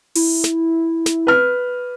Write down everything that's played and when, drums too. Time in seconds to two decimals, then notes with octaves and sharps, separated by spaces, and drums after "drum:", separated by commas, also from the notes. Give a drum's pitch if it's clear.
0.15 E4, drum: open hi-hat
0.44 drum: snare
1.06 drum: snare
1.27 B4 F6